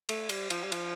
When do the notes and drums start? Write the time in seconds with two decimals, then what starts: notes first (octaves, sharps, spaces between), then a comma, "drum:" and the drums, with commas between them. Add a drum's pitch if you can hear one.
0.09 A3, drum: cymbal
0.29 G3, drum: cymbal
0.50 F3, drum: cymbal
0.64 G3
0.72 F3, drum: cymbal